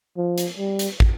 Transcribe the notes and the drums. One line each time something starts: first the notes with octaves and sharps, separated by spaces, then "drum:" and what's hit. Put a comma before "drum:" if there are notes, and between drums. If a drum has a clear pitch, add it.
F3
drum: hi-hat
G3
drum: hi-hat
drum: kick